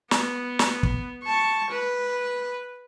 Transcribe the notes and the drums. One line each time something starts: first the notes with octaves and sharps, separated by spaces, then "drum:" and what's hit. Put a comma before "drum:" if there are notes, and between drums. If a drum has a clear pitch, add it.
B3, drum: snare
drum: snare
drum: kick
A5 C#6
B4